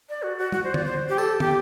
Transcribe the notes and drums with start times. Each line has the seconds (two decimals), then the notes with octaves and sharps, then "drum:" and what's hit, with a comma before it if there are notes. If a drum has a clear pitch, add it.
0.09 D5
0.23 F#4
0.38 F#4
0.52 F#4, drum: tom
0.64 C5
0.74 D5, drum: tom
0.86 C5
1.09 G4
1.18 A4, drum: tambourine
1.40 G4, drum: tom